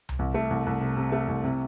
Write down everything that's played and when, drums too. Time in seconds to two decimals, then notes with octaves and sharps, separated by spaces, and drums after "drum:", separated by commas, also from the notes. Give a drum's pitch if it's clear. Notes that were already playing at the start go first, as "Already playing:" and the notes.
0.09 drum: tom C2
0.19 C2
0.34 A3
0.50 C2
0.66 C2
0.81 C3
0.97 C3
1.12 A3
1.28 C2
1.44 C3